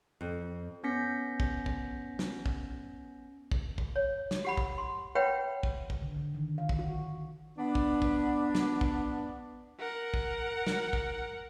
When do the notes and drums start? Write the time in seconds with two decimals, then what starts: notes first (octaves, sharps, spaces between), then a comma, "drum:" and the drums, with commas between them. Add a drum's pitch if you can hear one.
0.21 F2
0.83 B3 C#4 G6 A#6 B6 C#7
1.40 drum: kick
1.66 drum: kick
2.19 drum: snare
2.46 drum: kick
3.52 drum: kick
3.78 drum: kick
3.96 C#5
4.31 drum: snare
4.45 G4 F#5 B5
4.57 drum: kick
4.78 C6
5.15 B4 C#5 E5 F#5 G5 B5
5.63 drum: kick
5.90 drum: kick
6.02 D3
6.16 D3
6.35 D#3
6.58 F5
6.69 drum: kick
6.79 F#4
7.58 B3 D4
7.75 drum: kick
8.02 drum: kick
8.55 drum: snare
8.81 drum: kick
9.79 A#4 F#5
10.14 drum: kick
10.67 drum: snare
10.93 drum: kick